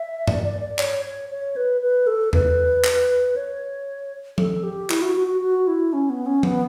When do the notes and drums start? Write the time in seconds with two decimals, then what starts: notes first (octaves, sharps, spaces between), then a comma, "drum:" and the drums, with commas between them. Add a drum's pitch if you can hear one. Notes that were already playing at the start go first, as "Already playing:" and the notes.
Already playing: E5
0.27 D5, drum: tom G2
0.44 D5
0.61 D5
0.79 C#5, drum: clap
1.05 C#5
1.30 C#5
1.56 B4
1.82 B4
2.07 A4
2.33 B4, drum: tom E2
2.84 drum: clap
3.36 C#5
4.38 A4, drum: tom F3
4.63 G4
4.90 E4, drum: clap
5.02 F#4
5.16 F#4
5.28 F#4
5.42 F#4
5.67 E4
5.93 C#4
6.10 B3
6.26 C#4
6.43 B3, drum: tom F3